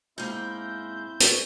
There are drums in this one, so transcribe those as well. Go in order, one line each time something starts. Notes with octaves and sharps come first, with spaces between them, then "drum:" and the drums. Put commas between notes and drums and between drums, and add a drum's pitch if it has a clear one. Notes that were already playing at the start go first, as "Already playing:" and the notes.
G#2 A#3 C4 E4 G6
drum: hi-hat